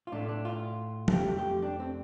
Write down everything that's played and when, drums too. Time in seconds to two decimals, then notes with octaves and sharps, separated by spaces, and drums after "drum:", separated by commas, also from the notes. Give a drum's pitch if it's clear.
0.07 F4
0.12 A2 A3 D4
0.29 D4
0.45 F4
1.08 A4, drum: tom F3
1.12 F2 F3 A3 G4
1.38 G4
1.62 D4
1.80 C4